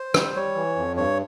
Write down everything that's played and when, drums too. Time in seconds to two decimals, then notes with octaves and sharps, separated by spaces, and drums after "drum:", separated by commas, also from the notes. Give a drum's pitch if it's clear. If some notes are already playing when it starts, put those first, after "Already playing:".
Already playing: C5
0.14 G3, drum: rim click
0.35 G3 C#5
0.55 E3
0.76 F2
0.96 G2 C#5